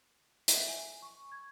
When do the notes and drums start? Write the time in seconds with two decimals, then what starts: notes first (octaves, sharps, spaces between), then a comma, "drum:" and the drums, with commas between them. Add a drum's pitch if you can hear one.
0.48 E5, drum: hi-hat
0.68 G#5
1.02 C#6
1.32 G#6